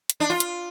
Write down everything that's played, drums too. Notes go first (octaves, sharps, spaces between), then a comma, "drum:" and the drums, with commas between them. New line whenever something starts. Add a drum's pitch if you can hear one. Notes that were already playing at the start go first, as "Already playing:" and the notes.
drum: hi-hat
D4
F4
drum: hi-hat